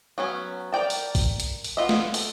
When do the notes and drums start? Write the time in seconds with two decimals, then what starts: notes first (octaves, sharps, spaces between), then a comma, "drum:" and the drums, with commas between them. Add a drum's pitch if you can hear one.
0.18 F#3 B3 C#4
0.72 A#4 D5 G5 A5
0.90 drum: open hi-hat
1.15 drum: kick, open hi-hat
1.40 drum: hi-hat
1.64 drum: open hi-hat
1.77 B3 F4 D#5 E5
1.89 drum: snare
2.14 A4, drum: open hi-hat